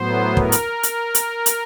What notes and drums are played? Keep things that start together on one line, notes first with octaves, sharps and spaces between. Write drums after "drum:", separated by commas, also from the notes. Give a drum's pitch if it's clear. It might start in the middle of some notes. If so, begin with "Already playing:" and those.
Already playing: A2 F#3 B3 C5
A#4, drum: kick
drum: hi-hat
drum: hi-hat
drum: hi-hat
drum: hi-hat